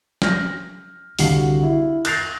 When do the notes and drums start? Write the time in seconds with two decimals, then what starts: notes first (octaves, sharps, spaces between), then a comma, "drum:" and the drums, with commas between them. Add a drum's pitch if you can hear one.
0.22 F6 G6 A#6, drum: snare
1.19 C2 D3 F#4 F5 C7 F#7, drum: open hi-hat
1.63 E4
2.05 F#6 G6 A6 A#6 C7 F7, drum: cymbal